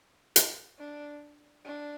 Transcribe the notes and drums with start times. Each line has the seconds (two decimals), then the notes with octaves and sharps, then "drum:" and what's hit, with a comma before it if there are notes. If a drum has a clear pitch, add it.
0.36 drum: hi-hat
0.79 D4
1.65 D4